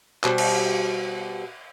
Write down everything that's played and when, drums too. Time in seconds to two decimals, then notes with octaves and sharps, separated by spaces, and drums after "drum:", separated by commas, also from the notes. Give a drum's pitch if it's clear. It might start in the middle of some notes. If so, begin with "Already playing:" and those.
0.24 B2 G3 C5, drum: clap
0.38 drum: cymbal